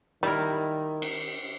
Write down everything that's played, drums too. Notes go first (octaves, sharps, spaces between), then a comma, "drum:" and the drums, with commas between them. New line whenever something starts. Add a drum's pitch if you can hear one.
D#3 G3 E4 A#4
drum: cymbal